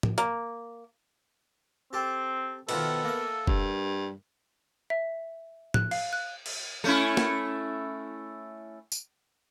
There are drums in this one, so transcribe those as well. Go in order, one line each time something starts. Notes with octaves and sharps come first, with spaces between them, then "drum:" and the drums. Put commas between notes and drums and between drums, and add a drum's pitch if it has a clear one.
drum: tom
A#3, drum: hi-hat
C4 G4 A4
B2 D#3 F3 B3 A4, drum: cymbal
A#3 E5
G2, drum: kick F1
E5
F#6, drum: tom
F5, drum: cymbal
F#6
drum: cymbal
A3 C#4 E4
drum: snare
drum: tambourine